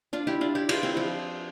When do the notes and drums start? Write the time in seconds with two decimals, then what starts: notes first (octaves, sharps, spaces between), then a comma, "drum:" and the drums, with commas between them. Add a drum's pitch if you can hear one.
0.13 D4 F4
0.27 E4 G4
0.41 D4 F4
0.55 E4 G4
0.69 D4 F4, drum: cymbal
0.83 C4 E4
0.97 F3